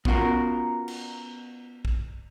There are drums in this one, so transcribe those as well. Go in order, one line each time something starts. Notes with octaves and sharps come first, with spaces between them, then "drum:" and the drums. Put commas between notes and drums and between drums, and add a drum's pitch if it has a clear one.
B3 C#4 F4 F#4 A#4, drum: kick
drum: cymbal
drum: kick